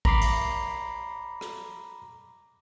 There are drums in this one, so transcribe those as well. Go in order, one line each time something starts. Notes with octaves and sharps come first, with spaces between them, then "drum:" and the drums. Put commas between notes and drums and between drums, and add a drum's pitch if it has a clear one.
A#5 B5 D6 C7, drum: kick A1
drum: cymbal
drum: rim click